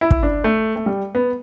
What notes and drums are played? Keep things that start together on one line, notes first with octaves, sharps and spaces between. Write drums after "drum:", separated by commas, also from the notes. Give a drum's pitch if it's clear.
E4
drum: kick
D4
A3
A3
G3
B3